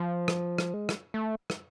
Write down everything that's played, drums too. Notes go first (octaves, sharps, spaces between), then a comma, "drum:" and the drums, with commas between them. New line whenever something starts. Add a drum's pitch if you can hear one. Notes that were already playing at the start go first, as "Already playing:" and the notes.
Already playing: F3
drum: rim click
drum: rim click
G#3
drum: rim click
A3
drum: rim click